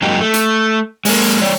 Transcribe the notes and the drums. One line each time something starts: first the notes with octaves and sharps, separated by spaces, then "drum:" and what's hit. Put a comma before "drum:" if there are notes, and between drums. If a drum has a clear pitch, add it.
F#2 F#3 G#3 A#3 D#4 G4
A3
drum: hi-hat
G#3 A#3, drum: open hi-hat
G3 C#5 D5